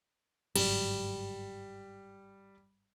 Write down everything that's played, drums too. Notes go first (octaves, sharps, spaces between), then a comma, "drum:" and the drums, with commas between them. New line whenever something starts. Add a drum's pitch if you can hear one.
G1 G#2 F#3 G3, drum: cymbal